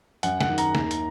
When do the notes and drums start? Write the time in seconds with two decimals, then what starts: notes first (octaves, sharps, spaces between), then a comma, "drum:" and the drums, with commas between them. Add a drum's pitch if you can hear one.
0.23 F#2 F#5, drum: hi-hat
0.41 F#5, drum: snare
0.49 D#3
0.58 A#5, drum: hi-hat
0.75 D#2, drum: snare
0.91 drum: hi-hat